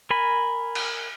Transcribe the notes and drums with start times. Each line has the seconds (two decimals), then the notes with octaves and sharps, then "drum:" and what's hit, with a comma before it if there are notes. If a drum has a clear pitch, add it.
0.10 A#4 G#5 B5
0.75 drum: cymbal